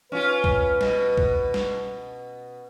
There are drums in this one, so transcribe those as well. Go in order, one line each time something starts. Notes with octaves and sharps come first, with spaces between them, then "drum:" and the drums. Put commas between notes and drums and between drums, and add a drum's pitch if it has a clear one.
C#4 F4 B4
drum: kick
B2, drum: snare
drum: kick
drum: snare